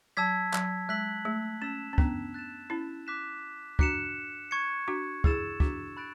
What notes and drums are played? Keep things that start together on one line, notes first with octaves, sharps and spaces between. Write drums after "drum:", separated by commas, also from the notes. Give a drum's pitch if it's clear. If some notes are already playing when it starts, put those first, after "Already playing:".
F#3 A5 E6 G#6 B6
F#3, drum: clap
G#3 F#6 B6 F#7
A3
C#4 E6 B6 E7
C#4
B3 D4, drum: kick
F#6 A6 E7
C#4 E4
D6 F#6 B6 E7
D4 F#4 F#6 C#7 E7, drum: kick
C#6 G#6 C#7
D4 F#4
E4 G#4 E6 A6 E7, drum: kick
D4 F#4, drum: kick
B5 F#6 A6 D7